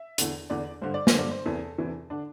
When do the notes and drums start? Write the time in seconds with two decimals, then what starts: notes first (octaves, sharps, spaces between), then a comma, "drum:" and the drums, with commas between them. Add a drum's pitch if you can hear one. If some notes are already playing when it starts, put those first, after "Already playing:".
Already playing: E5
0.18 E2 D3, drum: hi-hat
0.50 E2 D3 D5
0.82 G2 D3 C5
0.94 D5
1.07 C5, drum: snare
1.14 G2 D3 D5
1.31 C5
1.46 E2 C3 E3 A4
1.78 E2 C3 E3
2.10 D3 D4